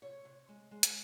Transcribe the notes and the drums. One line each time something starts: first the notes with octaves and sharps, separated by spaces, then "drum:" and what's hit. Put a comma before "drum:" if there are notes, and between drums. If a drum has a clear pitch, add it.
C3 C#5
C3
G#3
G#3
drum: hi-hat